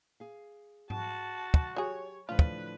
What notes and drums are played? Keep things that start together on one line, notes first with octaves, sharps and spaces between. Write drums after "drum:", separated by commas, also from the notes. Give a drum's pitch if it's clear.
G#4 F5
F#4 A5, drum: tom G#2
drum: kick
F#3 G4 G#4 C#5
A2 D3 F3 F4 B4
drum: kick